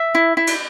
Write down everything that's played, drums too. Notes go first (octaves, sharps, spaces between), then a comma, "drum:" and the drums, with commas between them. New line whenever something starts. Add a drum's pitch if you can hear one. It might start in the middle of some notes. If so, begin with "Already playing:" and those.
Already playing: E5
E4
E4
drum: cymbal